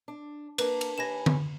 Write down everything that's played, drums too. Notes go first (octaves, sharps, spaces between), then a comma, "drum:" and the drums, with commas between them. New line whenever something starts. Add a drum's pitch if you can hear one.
D4
A#3 D4 B4, drum: cymbal
drum: cymbal
D#2 B4 G#5 A#6 E7
drum: tom D3